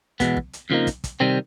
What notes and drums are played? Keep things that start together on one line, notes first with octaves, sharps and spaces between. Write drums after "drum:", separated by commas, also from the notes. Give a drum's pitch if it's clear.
E2 B2 G#3 B3, drum: kick, hi-hat
drum: kick
drum: hi-hat
F2 C#3 F3 A#3 D#4
drum: kick, hi-hat
drum: kick, hi-hat
C3 D#3 G3 C4